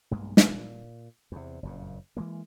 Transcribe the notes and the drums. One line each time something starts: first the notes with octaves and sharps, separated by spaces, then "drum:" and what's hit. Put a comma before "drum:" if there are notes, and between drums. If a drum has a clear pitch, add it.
B1 G2 G#3 A#3
A#2, drum: snare
E2 C3
F#1 F2 A#2
E3 G#3 A#3